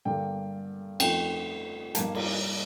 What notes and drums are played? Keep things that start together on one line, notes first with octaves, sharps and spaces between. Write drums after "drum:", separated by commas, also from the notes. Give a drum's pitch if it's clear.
G2 D3 G3 A#3 G5
F2 D#3 A3 G5, drum: cymbal
G2 D#3 G3 A#3 A5, drum: hi-hat
drum: cymbal